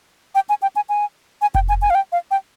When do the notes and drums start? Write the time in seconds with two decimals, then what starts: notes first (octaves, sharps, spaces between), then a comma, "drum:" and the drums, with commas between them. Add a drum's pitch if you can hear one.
0.35 G5
0.49 G#5
0.62 G5
0.76 G#5
0.89 G#5
1.41 G#5
1.55 G5, drum: kick F1
1.69 G#5
1.82 G#5
1.90 F5
1.95 G5
2.12 F5
2.31 G5